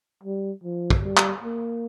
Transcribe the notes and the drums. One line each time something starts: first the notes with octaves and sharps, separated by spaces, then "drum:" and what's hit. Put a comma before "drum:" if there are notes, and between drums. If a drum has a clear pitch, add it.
G3
F3
drum: kick
G3
drum: clap
A#3